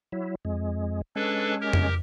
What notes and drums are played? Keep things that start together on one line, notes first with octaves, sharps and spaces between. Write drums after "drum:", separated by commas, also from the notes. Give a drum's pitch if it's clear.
F#3 E4
F2 G#3
G#3 C#4 D4 A4 B4
G4 A#4
drum: tom F2